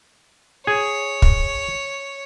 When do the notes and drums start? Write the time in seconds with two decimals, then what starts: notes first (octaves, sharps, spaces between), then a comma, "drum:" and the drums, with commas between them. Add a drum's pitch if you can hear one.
0.67 G#4 C#5
1.22 drum: kick